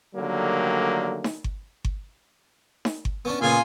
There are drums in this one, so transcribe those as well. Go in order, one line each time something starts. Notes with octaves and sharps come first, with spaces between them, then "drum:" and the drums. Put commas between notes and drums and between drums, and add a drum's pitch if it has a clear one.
D3 D#3 F#3 G3 A3 A#3
drum: snare D#4
drum: kick G1
drum: kick G1
drum: snare D#4
drum: kick G1
B3 C#4 D4
A#2 C#3 B3 F4 G#5